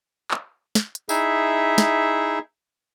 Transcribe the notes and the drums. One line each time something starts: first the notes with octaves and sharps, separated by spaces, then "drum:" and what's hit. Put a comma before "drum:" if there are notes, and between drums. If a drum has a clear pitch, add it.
drum: clap
drum: snare
drum: hi-hat
D#4 E4 G#4 E5, drum: tambourine
drum: snare